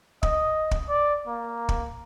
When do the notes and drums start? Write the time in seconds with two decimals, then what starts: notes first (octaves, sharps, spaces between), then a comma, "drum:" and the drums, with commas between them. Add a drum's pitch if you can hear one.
0.23 D#5, drum: kick
0.71 drum: kick
0.89 D5
1.27 A#3
1.69 drum: kick